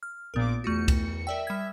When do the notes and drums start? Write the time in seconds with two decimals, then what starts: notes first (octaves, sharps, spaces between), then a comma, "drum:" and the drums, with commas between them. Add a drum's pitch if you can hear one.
0.03 F6
0.34 A#1 A#2 B3 A#4 D6
0.64 E2 A3 F4 F#4 C#7
0.88 drum: kick C2, cymbal
1.27 A#4 D5 E5 G5
1.47 G3 G#6